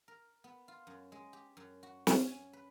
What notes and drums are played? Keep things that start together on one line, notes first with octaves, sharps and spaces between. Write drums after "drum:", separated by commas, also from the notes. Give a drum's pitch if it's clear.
A#4
B3
F4
F#2
G#3
G4
F#2
F#4
C#4, drum: snare
G#5
B4